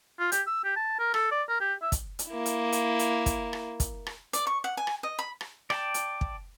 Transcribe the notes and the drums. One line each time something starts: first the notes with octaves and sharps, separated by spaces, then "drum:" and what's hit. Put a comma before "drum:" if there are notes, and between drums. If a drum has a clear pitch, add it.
F4
G4, drum: hi-hat
E6
G4
A5
A#4
A4, drum: rim click
D5
A#4
G4
E5
drum: kick, hi-hat
drum: hi-hat
A#3 E4
drum: hi-hat
drum: hi-hat
drum: hi-hat
drum: kick, hi-hat
drum: rim click
drum: kick, hi-hat
drum: rim click
D5, drum: hi-hat
C#6
F#5
G#5
drum: rim click
D#5
B5
drum: rim click
D5 G5 A5, drum: rim click
drum: hi-hat
drum: kick